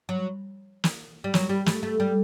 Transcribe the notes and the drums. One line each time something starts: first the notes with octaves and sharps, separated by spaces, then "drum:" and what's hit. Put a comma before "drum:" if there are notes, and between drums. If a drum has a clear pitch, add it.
F#3
drum: snare
G3
F#3, drum: snare
G3
A3, drum: snare
A3
G3